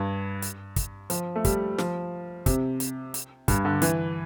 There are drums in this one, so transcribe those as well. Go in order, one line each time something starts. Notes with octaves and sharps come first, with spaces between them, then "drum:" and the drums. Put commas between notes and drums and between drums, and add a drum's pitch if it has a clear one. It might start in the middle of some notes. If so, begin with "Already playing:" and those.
Already playing: G2
drum: hi-hat
drum: kick, hi-hat
F3, drum: hi-hat
A3
G3, drum: kick, hi-hat
F3, drum: snare
C3, drum: kick, hi-hat
drum: hi-hat
drum: hi-hat
G2, drum: kick, hi-hat
D3
E3, drum: hi-hat